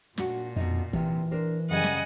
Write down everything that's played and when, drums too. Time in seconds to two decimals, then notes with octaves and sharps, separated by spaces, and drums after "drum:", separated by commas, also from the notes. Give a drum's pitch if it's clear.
0.18 A#2 D4 F#4, drum: snare
0.56 F2 B2 D#4
0.93 C3 E3 F4, drum: kick
1.31 D4 A#4 C5
1.69 F#2 C#3 G3 D#5 F#5 G#5
1.84 drum: snare